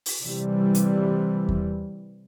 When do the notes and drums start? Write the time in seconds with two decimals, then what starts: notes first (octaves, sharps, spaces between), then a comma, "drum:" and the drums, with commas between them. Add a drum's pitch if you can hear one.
0.06 drum: open hi-hat
0.22 C3 E3 G3
0.75 drum: hi-hat
1.49 drum: kick E2